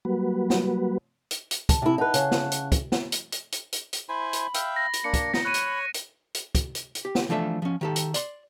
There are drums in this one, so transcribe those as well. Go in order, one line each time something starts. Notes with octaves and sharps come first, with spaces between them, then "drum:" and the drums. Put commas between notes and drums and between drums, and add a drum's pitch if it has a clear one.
F#3 G3 A#3 F#4 B4
drum: snare
drum: hi-hat
drum: hi-hat
A5, drum: kick, hi-hat
C3 E4
D#4 B4 F#5 A5 F#6
C#3, drum: hi-hat
drum: snare
drum: hi-hat
drum: kick, hi-hat
drum: snare
drum: hi-hat
drum: hi-hat
drum: hi-hat
drum: hi-hat
drum: hi-hat
E4 C5 G#5 B5
drum: hi-hat
E5 F5 G5, drum: hi-hat
A#6
drum: hi-hat
A#3 D4 C#7
drum: kick, hi-hat
D#4 A#6, drum: snare
C#5 B5 F#6 D#7
drum: hi-hat
drum: hi-hat
drum: hi-hat
drum: kick, hi-hat
drum: hi-hat
drum: hi-hat
G4
drum: snare
E3 F3 A3 D4 A4 E5
F3 C#4
D#3 G4 A4
drum: hi-hat
D5 C6, drum: hi-hat